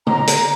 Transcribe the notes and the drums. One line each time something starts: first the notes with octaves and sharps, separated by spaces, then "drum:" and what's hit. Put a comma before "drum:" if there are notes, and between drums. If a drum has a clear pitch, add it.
A#5, drum: tom D3
drum: hi-hat